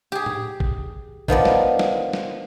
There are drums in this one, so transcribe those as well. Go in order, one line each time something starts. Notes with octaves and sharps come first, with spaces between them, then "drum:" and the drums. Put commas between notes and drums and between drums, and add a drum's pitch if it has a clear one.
G4 G#4
drum: tom A2
drum: kick G#1
D#3 F3 B3 D5, drum: kick G#1
drum: snare
drum: snare
drum: snare